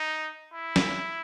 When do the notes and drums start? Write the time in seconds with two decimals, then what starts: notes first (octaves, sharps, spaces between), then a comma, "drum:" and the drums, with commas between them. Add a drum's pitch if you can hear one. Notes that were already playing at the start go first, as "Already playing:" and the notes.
Already playing: D#4
0.53 E4
0.76 drum: snare